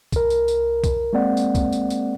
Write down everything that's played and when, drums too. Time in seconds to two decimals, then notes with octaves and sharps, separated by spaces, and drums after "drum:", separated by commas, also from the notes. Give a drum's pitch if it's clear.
0.12 C2 A#4, drum: kick, tambourine
0.30 drum: tambourine
0.48 drum: tambourine
0.84 drum: kick, tambourine
1.13 G#3 A#3 C4 D5 F#5
1.37 drum: tambourine
1.55 drum: kick, tambourine
1.73 drum: tambourine
1.90 drum: tambourine